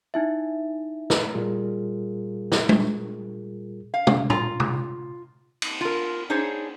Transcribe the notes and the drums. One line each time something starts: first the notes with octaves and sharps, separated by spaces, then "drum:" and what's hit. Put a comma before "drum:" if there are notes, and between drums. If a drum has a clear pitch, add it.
D#4 E4 E5
drum: snare
A#2 G3 F4 G#4 A#4
drum: snare
drum: tom G#3
F5
drum: tom
F4 A#5, drum: tom
drum: tom
drum: cymbal
F4 A#4
D4 D#4 G#4 C5 C#5